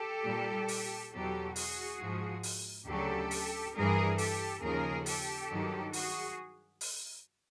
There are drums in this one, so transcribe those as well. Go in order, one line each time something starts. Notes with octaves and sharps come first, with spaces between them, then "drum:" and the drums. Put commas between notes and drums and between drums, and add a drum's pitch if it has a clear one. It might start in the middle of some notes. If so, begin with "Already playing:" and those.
Already playing: G4 A4
A#2 G3
drum: open hi-hat
E2 B2 F#3 G4 A4
F#4 G#4, drum: open hi-hat
G#2 F3
drum: open hi-hat
D2 C#3 F#3 G4 A4
drum: open hi-hat
G2 E3 G3 G#4 A#4
G4 A4, drum: open hi-hat
D#2 C#3 F3 G#4 A#4
G4 A4, drum: open hi-hat
G2 D#3 F#3
F#4 G#4, drum: open hi-hat
drum: open hi-hat